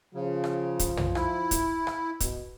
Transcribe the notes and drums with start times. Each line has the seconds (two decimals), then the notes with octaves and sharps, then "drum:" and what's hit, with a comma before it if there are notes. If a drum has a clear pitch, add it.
0.14 C#3 F3
0.44 drum: rim click
0.79 drum: kick, hi-hat
0.97 drum: tom
1.15 E4, drum: rim click
1.51 drum: kick, hi-hat
1.87 drum: rim click
2.20 B2, drum: kick, hi-hat